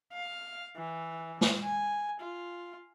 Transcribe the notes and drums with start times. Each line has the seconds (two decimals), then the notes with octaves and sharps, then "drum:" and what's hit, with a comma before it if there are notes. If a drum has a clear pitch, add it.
0.13 F5
0.76 E3
1.41 drum: snare
1.63 G#5
2.20 F4